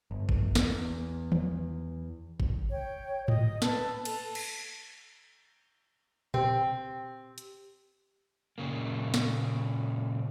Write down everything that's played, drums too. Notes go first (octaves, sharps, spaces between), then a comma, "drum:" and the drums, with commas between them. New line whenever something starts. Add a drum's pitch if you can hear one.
G1
drum: kick
E2, drum: snare
drum: tom
drum: kick
C#5 G5
D#5, drum: tom G#2
B4 A5 E6, drum: snare
A4, drum: cymbal
drum: cymbal
C4 G4, drum: tom A#2
drum: hi-hat
A#2 C#3 A#3
drum: snare